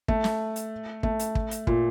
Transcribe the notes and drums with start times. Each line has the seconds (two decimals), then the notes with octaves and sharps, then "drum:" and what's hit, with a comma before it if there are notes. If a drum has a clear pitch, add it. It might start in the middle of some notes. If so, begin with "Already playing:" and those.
0.08 A3, drum: kick
0.24 drum: snare
0.56 drum: hi-hat
1.03 A3, drum: kick
1.19 drum: hi-hat
1.35 drum: kick
1.51 drum: hi-hat
1.67 A#2, drum: kick